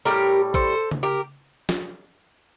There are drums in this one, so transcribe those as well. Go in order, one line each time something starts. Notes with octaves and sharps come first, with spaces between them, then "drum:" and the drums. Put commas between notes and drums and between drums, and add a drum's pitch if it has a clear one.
A2 G3 G4 A#4
A4 C5, drum: kick
drum: tom C#3
G4 A#4
drum: snare